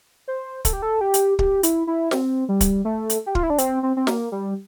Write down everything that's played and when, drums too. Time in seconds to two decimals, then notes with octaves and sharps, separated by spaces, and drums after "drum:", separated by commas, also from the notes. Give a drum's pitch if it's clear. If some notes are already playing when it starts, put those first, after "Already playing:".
0.28 C5
0.65 A4, drum: kick, hi-hat
0.73 G4
0.82 A4
1.01 G4
1.14 drum: hi-hat
1.39 G4, drum: kick
1.63 E4, drum: hi-hat
1.87 E4
2.11 C4, drum: snare
2.49 G3
2.61 drum: kick, hi-hat
2.85 A3
3.10 drum: hi-hat
3.26 G4
3.35 F4, drum: kick
3.43 E4
3.50 D4
3.58 C4, drum: hi-hat
3.83 C4
3.97 C4
4.07 A#3, drum: snare
4.32 G3